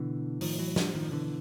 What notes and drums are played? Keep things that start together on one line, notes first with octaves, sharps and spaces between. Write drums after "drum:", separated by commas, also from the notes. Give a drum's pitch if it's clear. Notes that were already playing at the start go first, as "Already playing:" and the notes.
Already playing: B2 D3 E3
A2 D#3 F3, drum: open hi-hat
E3 F#3
F3 G3, drum: snare
D#3 F3
B2 D3 E3